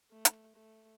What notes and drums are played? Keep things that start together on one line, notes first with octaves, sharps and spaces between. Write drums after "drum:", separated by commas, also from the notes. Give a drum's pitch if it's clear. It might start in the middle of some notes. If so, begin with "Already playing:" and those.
A3
drum: hi-hat
A3